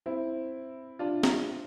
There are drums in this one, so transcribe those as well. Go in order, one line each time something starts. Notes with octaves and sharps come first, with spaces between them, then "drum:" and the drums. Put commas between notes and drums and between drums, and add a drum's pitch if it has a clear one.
C4 E4
D4 F4
drum: snare